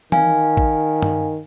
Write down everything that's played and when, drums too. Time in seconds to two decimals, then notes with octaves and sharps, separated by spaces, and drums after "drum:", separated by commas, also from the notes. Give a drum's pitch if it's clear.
0.12 D#3 F5 G#5, drum: tom E3
0.57 drum: kick
1.02 drum: tom G2